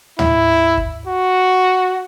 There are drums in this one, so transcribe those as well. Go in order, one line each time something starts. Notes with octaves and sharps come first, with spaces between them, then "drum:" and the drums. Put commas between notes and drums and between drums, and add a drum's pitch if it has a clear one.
E4, drum: tom
drum: kick
F#4